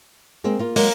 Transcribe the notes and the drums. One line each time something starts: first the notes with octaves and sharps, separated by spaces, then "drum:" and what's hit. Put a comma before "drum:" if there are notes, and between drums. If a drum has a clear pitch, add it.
G#3 A#3 C4
A#3 F4
F#3 G#3 A#3, drum: open hi-hat